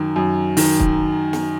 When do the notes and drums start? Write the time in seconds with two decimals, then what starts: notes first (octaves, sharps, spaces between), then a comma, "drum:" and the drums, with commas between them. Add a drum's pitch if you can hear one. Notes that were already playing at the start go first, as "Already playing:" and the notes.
Already playing: F#2 D#3
0.16 F#2
0.57 D#3, drum: open hi-hat
0.80 drum: kick
1.33 drum: snare